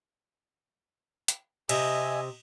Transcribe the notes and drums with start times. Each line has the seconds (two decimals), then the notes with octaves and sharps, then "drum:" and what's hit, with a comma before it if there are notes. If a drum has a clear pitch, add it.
1.28 drum: hi-hat
1.69 C3 D#5 E5 G#5, drum: cymbal